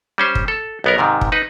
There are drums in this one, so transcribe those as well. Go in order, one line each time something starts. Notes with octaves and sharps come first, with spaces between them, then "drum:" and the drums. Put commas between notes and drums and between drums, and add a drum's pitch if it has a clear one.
G3 C#4 C5
drum: kick
A4
B1 B3 A#4
G#2 C3 D#3
drum: kick
D#4 B4